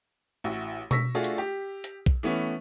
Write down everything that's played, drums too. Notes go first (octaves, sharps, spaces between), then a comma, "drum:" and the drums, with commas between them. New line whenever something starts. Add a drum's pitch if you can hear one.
A1 E4 F#4 C#6
C#6 E6 A#6 B6, drum: tom B2
A3 D4 F4 F#4 G#4
drum: hi-hat
G4
drum: hi-hat
drum: kick
E3 A3 B3 C#4